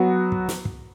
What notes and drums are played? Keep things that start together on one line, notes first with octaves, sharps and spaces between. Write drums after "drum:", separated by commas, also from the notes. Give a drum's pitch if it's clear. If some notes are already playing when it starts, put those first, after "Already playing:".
Already playing: F#3 B3 F#4
drum: kick
drum: snare
drum: kick